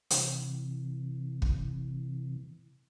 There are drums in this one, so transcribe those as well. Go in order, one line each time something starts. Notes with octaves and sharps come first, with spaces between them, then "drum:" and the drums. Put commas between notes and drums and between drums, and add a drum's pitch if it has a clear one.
C3 E3, drum: hi-hat
drum: kick